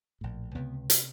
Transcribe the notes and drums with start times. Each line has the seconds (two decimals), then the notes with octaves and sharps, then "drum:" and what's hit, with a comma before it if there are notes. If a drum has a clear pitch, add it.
0.21 A#1 A2
0.55 C#2 C3 B3
0.90 C3, drum: hi-hat